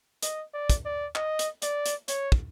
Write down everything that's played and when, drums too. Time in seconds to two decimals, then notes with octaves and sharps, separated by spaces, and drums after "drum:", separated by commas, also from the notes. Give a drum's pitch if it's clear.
0.23 D#5, drum: hi-hat
0.53 D5
0.70 drum: kick, hi-hat
0.85 D5
1.15 D#5, drum: clap
1.39 drum: hi-hat
1.62 D5, drum: hi-hat
1.86 drum: hi-hat
2.08 C#5, drum: hi-hat
2.32 drum: kick